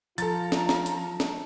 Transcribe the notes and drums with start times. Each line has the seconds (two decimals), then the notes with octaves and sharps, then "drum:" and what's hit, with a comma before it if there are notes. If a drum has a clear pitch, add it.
0.18 F3 F4 A4 A#5 A6, drum: hi-hat
0.52 drum: snare
0.69 drum: snare
0.86 drum: hi-hat
1.20 drum: snare